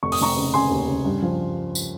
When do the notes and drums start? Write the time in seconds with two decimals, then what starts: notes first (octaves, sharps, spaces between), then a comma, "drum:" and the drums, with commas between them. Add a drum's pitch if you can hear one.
0.03 F1 C#6
0.12 D#6, drum: open hi-hat
0.20 F1 A#5 C#6
0.37 C#3
0.54 C#3 G#5 C6
0.70 D#2
0.88 C#3
1.05 G2
1.22 F3
1.75 drum: tambourine